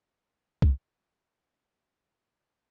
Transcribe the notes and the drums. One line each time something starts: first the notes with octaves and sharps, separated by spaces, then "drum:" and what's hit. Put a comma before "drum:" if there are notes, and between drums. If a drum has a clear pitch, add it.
D2 C#5 F5
drum: kick C2